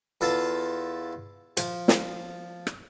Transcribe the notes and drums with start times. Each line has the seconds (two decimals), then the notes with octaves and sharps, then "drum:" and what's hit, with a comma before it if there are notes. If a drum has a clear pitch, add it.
0.21 E2 F4 A4
1.57 F3, drum: hi-hat
1.88 drum: snare
2.67 drum: rim click